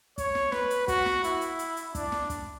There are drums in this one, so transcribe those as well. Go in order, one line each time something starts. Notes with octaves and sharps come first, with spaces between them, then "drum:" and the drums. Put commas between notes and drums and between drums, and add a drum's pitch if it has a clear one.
C#5, drum: kick, hi-hat
drum: snare
B4, drum: snare
drum: hi-hat
F#4, drum: kick, hi-hat
drum: snare
E4, drum: hi-hat
drum: hi-hat
drum: hi-hat
drum: hi-hat
D4, drum: kick, hi-hat
drum: snare
drum: kick, hi-hat